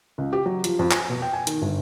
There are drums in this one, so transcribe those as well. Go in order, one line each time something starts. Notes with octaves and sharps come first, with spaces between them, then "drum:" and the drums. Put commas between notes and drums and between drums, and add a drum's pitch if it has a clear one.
C#2
G4
F#3
F3, drum: hi-hat
F2
G#5, drum: clap
B2
G5
G#5
D#3, drum: hi-hat
G1